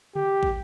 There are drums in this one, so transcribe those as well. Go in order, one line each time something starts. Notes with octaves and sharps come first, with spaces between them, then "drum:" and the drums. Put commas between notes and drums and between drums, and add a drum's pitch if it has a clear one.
G4, drum: tom C#3
drum: kick